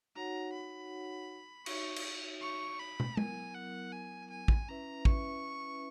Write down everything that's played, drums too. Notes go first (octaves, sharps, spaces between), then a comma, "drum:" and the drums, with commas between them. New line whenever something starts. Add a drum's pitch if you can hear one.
D#4 F#4 C#5 F#5 A#5
B5
D#4 F#4 C#5 E5 C#6, drum: cymbal
drum: cymbal
C#6
B5
drum: tom
F#3 B3 E4 A#4 G#5, drum: tom G#3
F#5
G#5
G#5
drum: kick
C#4 E4 B4 E5 A#5
C#6, drum: kick